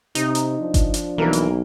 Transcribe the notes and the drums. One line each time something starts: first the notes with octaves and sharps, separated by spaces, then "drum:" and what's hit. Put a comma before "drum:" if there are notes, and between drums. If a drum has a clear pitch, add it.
C3 D#4, drum: hi-hat
drum: hi-hat
F3 D4
drum: kick G1, hi-hat
drum: hi-hat
B1 E3 A#3 A#4
drum: hi-hat